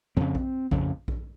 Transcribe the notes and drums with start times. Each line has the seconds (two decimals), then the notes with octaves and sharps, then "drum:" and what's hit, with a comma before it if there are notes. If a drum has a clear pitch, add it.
0.17 F2 C#3 C4
0.35 drum: kick A#1
0.71 F2 C#3, drum: kick A#1
1.08 drum: kick A#1